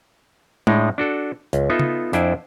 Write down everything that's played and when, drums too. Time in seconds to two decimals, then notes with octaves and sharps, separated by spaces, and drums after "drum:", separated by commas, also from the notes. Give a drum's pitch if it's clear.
0.67 A2 G#3 D4 D#4, drum: tom
0.98 D4 F#4 A4
1.53 C#2, drum: hi-hat
1.70 B3 D#4 F4 A4 E5
1.79 drum: tom C#3
2.13 F2 D4 E4 C5 D5 G#5, drum: hi-hat